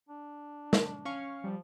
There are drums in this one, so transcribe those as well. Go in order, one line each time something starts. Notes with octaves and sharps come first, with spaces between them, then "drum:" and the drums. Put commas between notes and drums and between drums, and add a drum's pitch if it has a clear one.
D4
drum: snare
C#4 F5 C#6
F3 G3